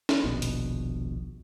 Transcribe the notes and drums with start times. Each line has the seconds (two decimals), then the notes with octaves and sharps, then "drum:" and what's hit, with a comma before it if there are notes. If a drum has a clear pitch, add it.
0.09 drum: snare
0.24 D#1 A#1 B2
0.42 drum: hi-hat